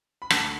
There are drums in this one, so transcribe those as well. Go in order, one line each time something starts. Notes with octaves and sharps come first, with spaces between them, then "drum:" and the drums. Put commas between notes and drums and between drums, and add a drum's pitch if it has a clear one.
B5
D2 D3 A3 A5, drum: rim click